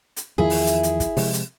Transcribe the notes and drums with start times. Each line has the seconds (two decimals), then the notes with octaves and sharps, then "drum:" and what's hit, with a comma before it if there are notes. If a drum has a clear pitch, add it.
0.17 drum: hi-hat
0.38 E2 D#3 F3 E4 G#4
0.50 drum: open hi-hat
0.67 drum: hi-hat
0.83 drum: hi-hat
1.00 drum: kick, hi-hat
1.17 C3 F3 G#3, drum: open hi-hat
1.33 drum: hi-hat